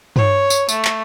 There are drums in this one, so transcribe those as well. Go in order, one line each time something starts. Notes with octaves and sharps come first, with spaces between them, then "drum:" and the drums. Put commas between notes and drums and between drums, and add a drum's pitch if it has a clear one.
C#5, drum: tom G2
drum: tambourine
A3, drum: tambourine
drum: clap